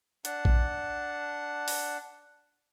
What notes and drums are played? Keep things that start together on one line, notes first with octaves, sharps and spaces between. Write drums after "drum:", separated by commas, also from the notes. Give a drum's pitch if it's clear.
D4 F#5 A5, drum: hi-hat
drum: kick A#1
drum: open hi-hat